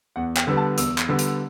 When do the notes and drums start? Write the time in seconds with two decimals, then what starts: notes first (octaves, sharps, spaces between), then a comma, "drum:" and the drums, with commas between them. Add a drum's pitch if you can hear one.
0.16 E2 F#5
0.37 G5, drum: clap
0.47 D3 G3 B3
0.57 A5
0.78 E2 E6, drum: hi-hat
0.98 drum: clap
1.09 D3 G3 B3
1.19 drum: hi-hat